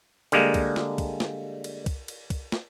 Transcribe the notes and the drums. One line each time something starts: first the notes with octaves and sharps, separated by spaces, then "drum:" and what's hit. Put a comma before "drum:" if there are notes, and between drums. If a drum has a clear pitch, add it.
D3 G3 G#3 A#3, drum: cymbal
drum: kick, cymbal
drum: snare
drum: kick, cymbal
drum: snare
drum: cymbal
drum: kick, cymbal
drum: cymbal
drum: kick, cymbal
drum: snare